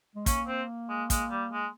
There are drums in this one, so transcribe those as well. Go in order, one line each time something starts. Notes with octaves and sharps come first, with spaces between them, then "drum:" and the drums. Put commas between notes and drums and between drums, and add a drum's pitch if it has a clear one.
G#3
A#3 C#4, drum: kick, hi-hat
C4
G#3
G#3, drum: kick, hi-hat
G3
G#3